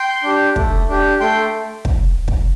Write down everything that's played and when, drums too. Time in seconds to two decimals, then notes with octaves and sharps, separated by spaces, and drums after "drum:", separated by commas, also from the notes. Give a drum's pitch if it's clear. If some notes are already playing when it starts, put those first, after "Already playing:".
Already playing: G5 C6
0.23 D4 G4
0.56 A3, drum: kick
0.89 D4 G4
1.20 A3 G5 C6
1.85 drum: kick
2.28 drum: kick